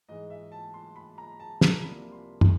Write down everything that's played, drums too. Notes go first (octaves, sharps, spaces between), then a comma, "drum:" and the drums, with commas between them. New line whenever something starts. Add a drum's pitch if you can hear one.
G#2 E3 G#3 D#5
E5
A5
C6
B5
A#5
A5
A#5, drum: snare
C2 C3 F3 A#3 D4 B5
C6
C6, drum: tom